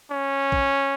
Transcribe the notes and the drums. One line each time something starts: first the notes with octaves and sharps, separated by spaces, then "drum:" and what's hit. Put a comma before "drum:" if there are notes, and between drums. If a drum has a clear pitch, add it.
C#4
drum: kick